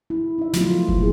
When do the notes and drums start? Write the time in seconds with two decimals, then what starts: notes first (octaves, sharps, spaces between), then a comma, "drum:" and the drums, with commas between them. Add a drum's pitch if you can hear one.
0.10 E4
0.38 D#4 E5
0.53 F3 F#3 A3 B3 C4 F4, drum: snare
0.88 drum: kick F#1
0.99 A#2 F3 A#3 E4 G#4